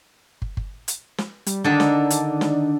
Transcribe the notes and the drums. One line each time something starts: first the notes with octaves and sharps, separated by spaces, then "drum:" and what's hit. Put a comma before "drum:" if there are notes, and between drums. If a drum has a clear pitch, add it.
drum: kick
drum: kick
drum: hi-hat
drum: snare
G3, drum: hi-hat
D3 D#3 D4 D#4 A4
drum: snare
drum: hi-hat
drum: snare